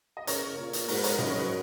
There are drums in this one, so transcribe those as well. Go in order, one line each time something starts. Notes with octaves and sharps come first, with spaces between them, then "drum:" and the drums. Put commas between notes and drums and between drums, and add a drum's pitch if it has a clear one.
D#5
C#3 A#4 C#5, drum: hi-hat
A#2
drum: hi-hat
G#2 F#4 A#4, drum: open hi-hat
B4
A#4 C#5, drum: hi-hat
F#2 D#5, drum: tom
C#5
B4